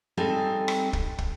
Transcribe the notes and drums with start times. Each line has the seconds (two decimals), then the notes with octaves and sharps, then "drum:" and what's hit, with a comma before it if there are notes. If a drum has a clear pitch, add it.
0.17 G3 C4 D#4 G#4 A4
0.68 drum: rim click
0.93 drum: kick
1.18 drum: kick